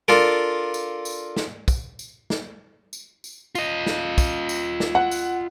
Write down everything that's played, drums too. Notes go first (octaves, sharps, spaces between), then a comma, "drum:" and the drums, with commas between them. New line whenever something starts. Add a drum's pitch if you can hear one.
D4 F4 A4 A#4
drum: tambourine
drum: tambourine
drum: snare
drum: kick, tambourine
drum: tambourine
drum: snare
drum: tambourine
drum: tambourine
F4 D#5, drum: tambourine
drum: snare
drum: kick, tambourine
drum: tambourine
drum: snare
F#5
drum: tambourine